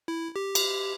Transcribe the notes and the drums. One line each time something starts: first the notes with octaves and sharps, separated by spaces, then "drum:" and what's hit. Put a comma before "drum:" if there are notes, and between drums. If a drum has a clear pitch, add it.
E4
G4
drum: cymbal